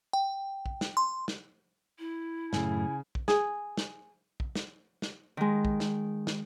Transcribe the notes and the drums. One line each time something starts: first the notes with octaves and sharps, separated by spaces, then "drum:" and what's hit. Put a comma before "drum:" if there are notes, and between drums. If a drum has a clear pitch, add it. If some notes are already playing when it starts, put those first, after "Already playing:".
G5
drum: kick
drum: snare
C6
drum: snare
E4
F#2 A2 C#3 A3 G#5, drum: snare
drum: kick
G#4, drum: snare
drum: snare
drum: kick
drum: snare
drum: snare
D#3 G#3
drum: kick
drum: snare
drum: snare